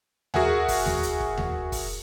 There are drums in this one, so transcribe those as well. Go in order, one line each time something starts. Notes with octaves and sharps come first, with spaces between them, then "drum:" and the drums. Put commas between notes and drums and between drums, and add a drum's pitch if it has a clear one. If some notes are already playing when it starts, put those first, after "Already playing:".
F#4 G#4 A#4 E5 F#5 G#5, drum: tom D#2
drum: kick, open hi-hat
drum: tom D#2
drum: hi-hat
drum: kick
drum: tom D#2
drum: kick, open hi-hat